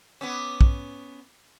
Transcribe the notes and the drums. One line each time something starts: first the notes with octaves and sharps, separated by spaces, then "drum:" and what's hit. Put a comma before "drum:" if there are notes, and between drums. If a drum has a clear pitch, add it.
B3 C#4 D6 E6
drum: kick